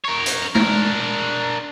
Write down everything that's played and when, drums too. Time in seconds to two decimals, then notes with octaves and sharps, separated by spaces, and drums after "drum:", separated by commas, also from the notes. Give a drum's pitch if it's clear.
0.05 A#4 C#5
0.26 drum: hi-hat
0.55 D4 A#4, drum: tom G#3